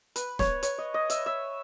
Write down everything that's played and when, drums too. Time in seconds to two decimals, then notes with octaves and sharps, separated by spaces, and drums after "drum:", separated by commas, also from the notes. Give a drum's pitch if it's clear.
0.16 B4, drum: hi-hat
0.39 C#5, drum: snare
0.63 C#5, drum: hi-hat
0.78 D#5
0.94 D#5
1.10 E5, drum: hi-hat
1.26 E5